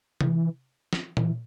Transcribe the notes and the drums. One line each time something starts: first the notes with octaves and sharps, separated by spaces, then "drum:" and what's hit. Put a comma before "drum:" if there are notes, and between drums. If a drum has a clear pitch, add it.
E3, drum: tom C3
drum: snare
E3, drum: tom A#2